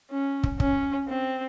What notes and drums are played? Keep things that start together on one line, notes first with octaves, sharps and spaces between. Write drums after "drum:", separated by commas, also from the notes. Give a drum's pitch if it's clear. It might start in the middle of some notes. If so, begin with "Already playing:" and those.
C#4
drum: kick
C#4, drum: kick
C4